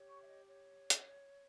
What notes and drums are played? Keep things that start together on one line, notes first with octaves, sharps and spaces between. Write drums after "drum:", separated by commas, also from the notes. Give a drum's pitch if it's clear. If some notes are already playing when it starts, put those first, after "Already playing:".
Already playing: G4 C#5
C#6
E5
D#5
C#5
drum: hi-hat